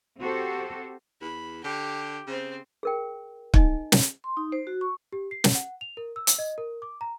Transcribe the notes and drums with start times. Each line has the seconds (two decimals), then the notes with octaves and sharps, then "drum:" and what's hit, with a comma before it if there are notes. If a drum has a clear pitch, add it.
0.21 C4 F#4 G4 A4 C5
1.21 E2 B5
1.64 D3 G4 G5
2.28 C#3 C4 C5
2.83 G#4 A#4 G5
3.54 D#4 D#5 G#5, drum: kick
3.92 drum: snare
4.24 C6
4.37 D#4
4.52 C5
4.67 F#4
4.81 C#6
5.13 G4
5.31 C7
5.44 drum: snare
5.55 F#5
5.81 F7
5.97 A#4
6.16 E6
6.27 drum: hi-hat
6.39 D#5
6.58 A#4
6.82 D6
7.01 A#5